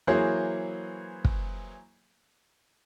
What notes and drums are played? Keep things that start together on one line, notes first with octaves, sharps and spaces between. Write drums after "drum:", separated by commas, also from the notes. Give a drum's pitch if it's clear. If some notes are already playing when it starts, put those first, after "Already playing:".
E3 F#3 A#3 G#4 C5 C#5
drum: kick